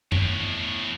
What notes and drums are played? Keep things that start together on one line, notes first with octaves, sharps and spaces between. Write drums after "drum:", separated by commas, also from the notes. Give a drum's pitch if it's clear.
E2 A2, drum: tom F#2